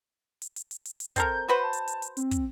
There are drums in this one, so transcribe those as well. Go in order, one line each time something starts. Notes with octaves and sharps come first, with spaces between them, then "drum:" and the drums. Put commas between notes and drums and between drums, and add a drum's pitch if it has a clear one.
drum: hi-hat
drum: hi-hat
drum: hi-hat
drum: hi-hat
drum: hi-hat
C4 A4 A#4 G6, drum: kick, hi-hat
F#4 B4 C5 B5
A5
drum: hi-hat
drum: hi-hat
drum: hi-hat
C4, drum: hi-hat
drum: kick, hi-hat